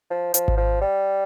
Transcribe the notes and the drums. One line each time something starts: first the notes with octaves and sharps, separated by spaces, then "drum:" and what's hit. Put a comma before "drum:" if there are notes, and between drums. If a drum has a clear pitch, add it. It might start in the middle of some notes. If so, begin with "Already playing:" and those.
F3
F3, drum: hi-hat
drum: kick G#1
F3
G3